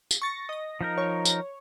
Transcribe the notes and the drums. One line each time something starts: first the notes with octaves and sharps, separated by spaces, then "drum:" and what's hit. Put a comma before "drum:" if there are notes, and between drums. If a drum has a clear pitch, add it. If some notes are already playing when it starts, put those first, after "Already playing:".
drum: tambourine
C#6 A6 A#6
D#5 A#6
F3 D#4 A#4
C#5
drum: tambourine